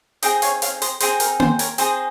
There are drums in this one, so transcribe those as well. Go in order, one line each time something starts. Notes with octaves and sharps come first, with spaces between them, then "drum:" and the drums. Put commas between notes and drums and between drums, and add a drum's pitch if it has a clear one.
C4 D#4 G#4 D#5 G5, drum: hi-hat
C#5 F5, drum: hi-hat
C#5 F5, drum: hi-hat
C5 D#5, drum: hi-hat
C4 D#4 G#4 C5, drum: hi-hat
A#4, drum: hi-hat
C5, drum: tom A#3
A#4 C#5, drum: hi-hat
C4 D#4 G#4 C5 D#5, drum: hi-hat